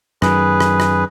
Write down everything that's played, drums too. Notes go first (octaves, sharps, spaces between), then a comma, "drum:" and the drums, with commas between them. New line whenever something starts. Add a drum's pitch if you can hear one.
F#2 D#3 G#4 B4, drum: rim click
drum: rim click
drum: rim click